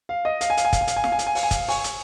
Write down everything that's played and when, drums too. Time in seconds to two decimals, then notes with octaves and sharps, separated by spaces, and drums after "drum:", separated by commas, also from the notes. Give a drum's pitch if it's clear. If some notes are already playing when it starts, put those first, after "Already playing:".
0.09 F5
0.25 D#5
0.41 F5, drum: hi-hat
0.50 G#5
0.57 F5, drum: hi-hat
0.65 G#5
0.73 F5, drum: kick, hi-hat
0.81 G#5
0.88 F5, drum: hi-hat
0.96 G#5
1.04 F5, drum: snare
1.12 G#5
1.19 F5, drum: hi-hat
1.26 G#5
1.35 F5, drum: open hi-hat
1.43 G#5
1.51 F5, drum: kick, hi-hat
1.68 G#5 C#6, drum: open hi-hat
1.84 drum: hi-hat